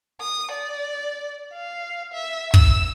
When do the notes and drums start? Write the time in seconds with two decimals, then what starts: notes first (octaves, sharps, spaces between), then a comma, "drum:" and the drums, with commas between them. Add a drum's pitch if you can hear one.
0.21 D#6
0.52 D5
1.53 F5
2.14 E5
2.54 E6, drum: kick